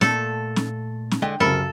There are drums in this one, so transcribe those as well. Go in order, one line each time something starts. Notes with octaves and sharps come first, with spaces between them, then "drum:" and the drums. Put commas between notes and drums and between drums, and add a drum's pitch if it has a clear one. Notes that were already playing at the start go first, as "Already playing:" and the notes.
A#2 A3 A4, drum: snare
drum: snare
drum: snare
D3 G#3 D#5 G5
C2 F#2 C#3 A4 A#4 B5